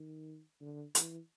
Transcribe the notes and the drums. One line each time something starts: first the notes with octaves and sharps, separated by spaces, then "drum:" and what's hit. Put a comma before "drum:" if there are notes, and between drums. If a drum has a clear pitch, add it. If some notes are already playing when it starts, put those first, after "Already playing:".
Already playing: D#3
D3
E3, drum: hi-hat